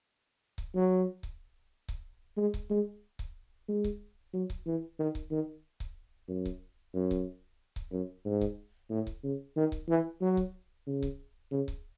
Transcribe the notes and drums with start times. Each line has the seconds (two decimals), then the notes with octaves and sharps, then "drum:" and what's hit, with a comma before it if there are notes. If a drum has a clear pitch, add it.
0.58 drum: kick C#1
0.75 F#3
1.23 drum: kick C#1
1.88 drum: kick C#1
2.37 G#3
2.54 drum: kick C#1
2.70 G#3
3.19 drum: kick C#1
3.68 G#3
3.84 drum: kick C#1
4.33 F#3
4.50 drum: kick C#1
4.66 E3
4.99 D#3
5.15 drum: kick C#1
5.31 D#3
5.80 drum: kick C#1
6.29 F#2
6.45 drum: kick C#1
6.94 F#2
7.11 drum: kick C#1
7.76 drum: kick C#1
7.92 F#2
8.25 G#2
8.41 drum: kick C#1
8.90 A2
9.07 drum: kick C#1
9.24 C#3
9.56 D#3
9.72 drum: kick C#1
9.89 E3
10.21 F#3
10.37 drum: kick C#1
10.87 C#3
11.02 drum: kick C#1
11.51 C#3
11.68 drum: kick C#1